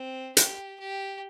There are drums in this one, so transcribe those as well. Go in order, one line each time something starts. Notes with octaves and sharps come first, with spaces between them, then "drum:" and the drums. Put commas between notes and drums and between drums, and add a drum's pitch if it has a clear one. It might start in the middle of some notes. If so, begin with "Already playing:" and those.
Already playing: C4
G4, drum: hi-hat
G4